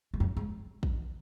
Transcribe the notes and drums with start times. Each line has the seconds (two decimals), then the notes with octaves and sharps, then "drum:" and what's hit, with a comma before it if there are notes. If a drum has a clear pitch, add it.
0.14 G#2
0.20 F#2
0.37 G#2
0.83 drum: kick